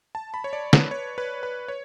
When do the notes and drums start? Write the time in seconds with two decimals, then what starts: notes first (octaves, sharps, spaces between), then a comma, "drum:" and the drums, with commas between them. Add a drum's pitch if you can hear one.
0.15 A5
0.34 B5
0.44 C#5
0.53 D5
0.73 B4, drum: snare
0.91 C#5
1.18 B4
1.43 B4
1.68 C#5